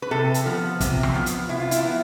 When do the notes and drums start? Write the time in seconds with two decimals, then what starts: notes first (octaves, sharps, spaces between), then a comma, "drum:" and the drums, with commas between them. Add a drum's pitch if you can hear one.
0.02 B4
0.11 C3 A4
0.34 drum: hi-hat
0.46 F3 B3
0.80 C3, drum: kick, hi-hat
1.03 drum: rim click
1.14 F3 B3
1.26 drum: hi-hat
1.49 C3 E4
1.60 F4
1.71 E4, drum: hi-hat
1.83 F3 B3